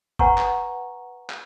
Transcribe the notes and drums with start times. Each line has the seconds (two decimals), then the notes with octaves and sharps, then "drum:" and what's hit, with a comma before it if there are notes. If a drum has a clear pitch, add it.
0.19 B4 F#5 G#5 A#5 C#6, drum: kick F#1
0.38 drum: clap
1.30 drum: clap